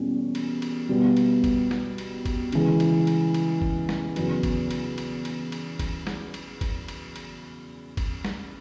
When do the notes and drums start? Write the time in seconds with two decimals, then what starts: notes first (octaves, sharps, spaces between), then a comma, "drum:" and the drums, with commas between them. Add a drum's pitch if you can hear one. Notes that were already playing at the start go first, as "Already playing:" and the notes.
Already playing: E2 B2 G3 A#3 C#4
0.35 drum: cymbal
0.62 drum: cymbal
0.89 B2 G3 B3
1.17 drum: cymbal
1.44 drum: kick G1, cymbal
1.71 drum: snare
1.98 drum: cymbal
2.25 drum: kick G1, cymbal
2.52 C#3 E3 G#3, drum: cymbal
2.80 drum: cymbal
3.07 drum: cymbal
3.34 drum: cymbal
3.62 drum: kick G1
3.89 drum: snare
4.16 E2 C#3 F#3 B3, drum: cymbal
4.43 drum: kick G1, cymbal
4.71 drum: cymbal
4.98 drum: cymbal
5.25 drum: cymbal
5.52 drum: cymbal
5.79 drum: kick G1, cymbal
6.07 drum: snare
6.34 drum: cymbal
6.61 drum: kick G1, cymbal
6.88 drum: cymbal
7.16 drum: cymbal
7.97 drum: kick G1, cymbal
8.25 drum: snare